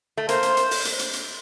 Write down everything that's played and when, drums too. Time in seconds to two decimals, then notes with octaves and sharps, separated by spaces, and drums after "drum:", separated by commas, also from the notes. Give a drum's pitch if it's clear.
0.17 A3
0.29 A#3 C5, drum: hi-hat
0.43 drum: hi-hat
0.57 drum: hi-hat
0.71 drum: open hi-hat
0.85 drum: hi-hat
0.99 drum: hi-hat
1.13 drum: hi-hat